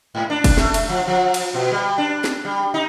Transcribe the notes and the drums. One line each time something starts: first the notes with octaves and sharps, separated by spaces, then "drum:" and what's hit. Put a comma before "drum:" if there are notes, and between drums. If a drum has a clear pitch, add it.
G#2
D4
drum: kick, cymbal
A3, drum: snare
drum: cymbal
F3
F3
drum: cymbal
B2
G3
D4
drum: snare
G3
D#4